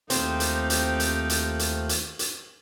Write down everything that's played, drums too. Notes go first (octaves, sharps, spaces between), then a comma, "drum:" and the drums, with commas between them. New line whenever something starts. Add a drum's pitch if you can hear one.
D#2 A3 C4 D#4 F4 G4, drum: hi-hat
drum: hi-hat
drum: hi-hat
drum: hi-hat
drum: hi-hat
drum: hi-hat
drum: hi-hat
drum: hi-hat